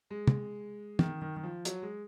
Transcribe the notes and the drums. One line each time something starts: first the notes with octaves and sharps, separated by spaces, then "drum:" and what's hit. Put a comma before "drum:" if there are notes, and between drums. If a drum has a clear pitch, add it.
G#3
drum: tom
D#3, drum: tom
D#3
D#3
F3
F#3, drum: hi-hat
G#3